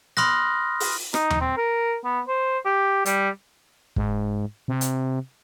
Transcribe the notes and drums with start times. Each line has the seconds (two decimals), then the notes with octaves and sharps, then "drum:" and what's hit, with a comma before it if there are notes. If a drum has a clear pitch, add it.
0.17 B5 C6 D#6 F6 F#6 A#6, drum: snare
0.80 drum: open hi-hat
1.14 D#4, drum: rim click
1.30 drum: tom D#2
1.41 C4
1.57 A#4
2.04 B3
2.28 C5
2.65 G4
3.06 G3, drum: hi-hat
3.96 G#2, drum: kick
4.68 C3
4.81 drum: hi-hat